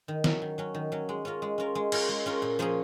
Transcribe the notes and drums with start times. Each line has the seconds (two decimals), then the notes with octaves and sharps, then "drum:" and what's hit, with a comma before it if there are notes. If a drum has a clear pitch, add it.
0.08 D#3
0.24 F#3 C#4, drum: snare
0.42 D#3
0.58 F#3 C#4
0.74 D#3
0.92 F#3 C#4
1.09 G#3
1.25 C#4 F4 A#4
1.42 G#3
1.58 C#4 F4 A#4
1.75 G#3
1.92 C#4 F4 A#4, drum: cymbal
2.09 G#3
2.26 C#4 F4 A#4
2.42 A#2
2.59 F3 A#3 C#4 G#4